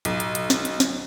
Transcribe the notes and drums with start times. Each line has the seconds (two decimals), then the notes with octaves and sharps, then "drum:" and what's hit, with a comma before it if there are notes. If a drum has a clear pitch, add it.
0.05 B1, drum: hi-hat
0.20 drum: hi-hat
0.35 drum: hi-hat
0.50 drum: snare
0.65 drum: hi-hat
0.80 drum: snare